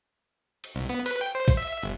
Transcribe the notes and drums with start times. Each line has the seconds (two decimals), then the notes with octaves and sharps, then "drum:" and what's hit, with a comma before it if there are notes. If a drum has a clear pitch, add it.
0.64 drum: cymbal
0.75 C2
0.89 B3
1.06 B4, drum: cymbal
1.21 G5
1.35 C5
1.48 drum: kick A#1, cymbal
1.57 E5
1.83 G1